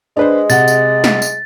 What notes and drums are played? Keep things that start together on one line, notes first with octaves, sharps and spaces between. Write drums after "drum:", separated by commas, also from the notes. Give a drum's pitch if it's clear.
G#3 D4 B4 C5
C3 F#5 A6, drum: tambourine
drum: tambourine
drum: snare
drum: tambourine